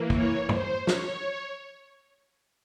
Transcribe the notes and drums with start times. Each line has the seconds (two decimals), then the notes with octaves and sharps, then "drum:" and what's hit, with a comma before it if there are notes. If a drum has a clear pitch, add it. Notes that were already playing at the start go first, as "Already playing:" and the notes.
Already playing: E3 A#3
0.10 C#5, drum: kick
0.49 C5, drum: tom
0.87 C#5, drum: snare